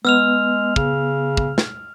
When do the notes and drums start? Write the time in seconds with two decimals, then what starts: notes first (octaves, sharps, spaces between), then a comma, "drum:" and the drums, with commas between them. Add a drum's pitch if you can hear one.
0.05 G#3 B3 E6 F6 F7
0.76 C#3, drum: kick
1.37 drum: kick
1.58 drum: snare